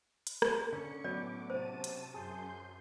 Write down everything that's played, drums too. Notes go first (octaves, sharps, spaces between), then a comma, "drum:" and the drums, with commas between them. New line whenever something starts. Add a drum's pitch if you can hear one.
drum: hi-hat
drum: rim click
D3 C#4 C#7
A2 F#3 B3 B4 D5 D6
C3 C5 A5 D#7
drum: hi-hat
F#2 G#4 A5 C6 G6